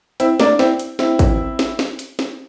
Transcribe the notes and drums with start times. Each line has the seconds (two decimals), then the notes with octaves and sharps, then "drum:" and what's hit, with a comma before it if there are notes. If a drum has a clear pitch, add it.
0.20 C4 E4, drum: hi-hat
0.40 A#3 D4, drum: snare
0.59 C4 E4, drum: snare
0.79 drum: hi-hat
0.99 C4 E4, drum: snare
1.19 drum: kick A1, hi-hat
1.59 drum: snare
1.79 drum: snare
1.99 drum: hi-hat
2.19 drum: snare